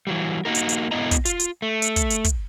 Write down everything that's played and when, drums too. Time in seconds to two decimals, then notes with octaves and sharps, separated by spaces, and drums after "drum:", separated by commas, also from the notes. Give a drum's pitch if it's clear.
0.07 E3 F#3 G3
0.45 A#3 D#4 F#4 A#4
0.55 drum: hi-hat
0.69 drum: hi-hat
0.91 G#2 D3 B3 E4 D#5 A#5
1.11 drum: kick, hi-hat
1.25 F4, drum: hi-hat
1.40 drum: hi-hat
1.62 A3
1.82 drum: hi-hat
1.96 drum: kick, hi-hat
2.10 drum: hi-hat
2.24 drum: kick, hi-hat